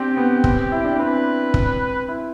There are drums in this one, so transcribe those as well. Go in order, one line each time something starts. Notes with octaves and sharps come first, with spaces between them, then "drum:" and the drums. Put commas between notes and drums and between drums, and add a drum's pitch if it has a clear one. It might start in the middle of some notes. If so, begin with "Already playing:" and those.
Already playing: C4 D4 G4
B3
C4, drum: kick
E4
D4
C4 B4
drum: kick
E4